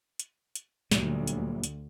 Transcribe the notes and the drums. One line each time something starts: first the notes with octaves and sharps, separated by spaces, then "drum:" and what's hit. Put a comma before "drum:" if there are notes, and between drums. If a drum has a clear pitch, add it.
drum: hi-hat
drum: hi-hat
D2 A#2 F#3 G3, drum: snare
drum: hi-hat
drum: hi-hat